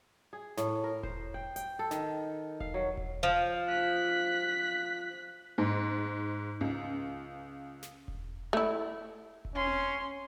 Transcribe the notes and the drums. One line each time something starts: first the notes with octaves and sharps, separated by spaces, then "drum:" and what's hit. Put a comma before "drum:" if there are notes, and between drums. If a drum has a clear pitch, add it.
G#4
A2, drum: snare
A#4
C5, drum: kick E1
G5
G5, drum: hi-hat
A4
D#3, drum: snare
F5, drum: kick E1
F#3
drum: kick E1
F3
F#6 B6
G#2
C#2
drum: snare
drum: kick E1
A3 E4
drum: kick E1
C#4 C6
drum: tom C4